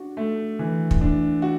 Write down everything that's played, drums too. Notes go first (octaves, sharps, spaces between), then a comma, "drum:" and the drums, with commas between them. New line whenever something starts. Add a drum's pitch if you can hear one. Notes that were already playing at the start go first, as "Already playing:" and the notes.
Already playing: D4 F#4
A3
E3
drum: kick
D4
F#4